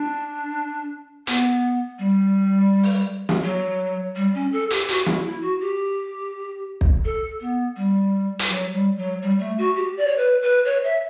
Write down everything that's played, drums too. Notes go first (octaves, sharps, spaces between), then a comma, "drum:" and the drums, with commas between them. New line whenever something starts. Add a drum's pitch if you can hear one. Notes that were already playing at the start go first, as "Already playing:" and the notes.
Already playing: D4
B3, drum: hi-hat
G3
drum: open hi-hat
drum: snare
F#3
G3
C#4
A4
G4, drum: hi-hat
F#4, drum: hi-hat
E4, drum: snare
E4
F#4
G4
drum: kick
A4
B3
G3
drum: hi-hat
F#3
G3
F#3
G3
A3
F#4
G4
D5
C#5
B4
B4
C#5
E5